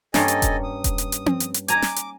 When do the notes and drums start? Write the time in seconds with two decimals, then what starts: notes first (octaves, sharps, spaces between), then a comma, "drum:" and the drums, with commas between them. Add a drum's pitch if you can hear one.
0.14 G2 A#3 C#4 A4 D#5 G#5, drum: snare
0.28 drum: hi-hat
0.42 drum: kick E1, hi-hat
0.63 D#6
0.84 drum: kick E1, hi-hat
0.98 drum: hi-hat
1.12 drum: hi-hat
1.26 drum: tom C4
1.40 drum: hi-hat
1.54 drum: hi-hat
1.68 G#5 A#5 D6, drum: hi-hat
1.82 drum: snare
1.96 drum: hi-hat